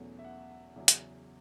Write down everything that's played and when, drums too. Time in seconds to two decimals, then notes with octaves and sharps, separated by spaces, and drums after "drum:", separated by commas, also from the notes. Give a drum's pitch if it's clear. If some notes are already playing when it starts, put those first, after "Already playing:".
Already playing: E2 B2 F#3 A3 C#4
0.19 E5
0.24 F#5
0.76 E2 C#3 F#3 C#4 E5
0.88 drum: hi-hat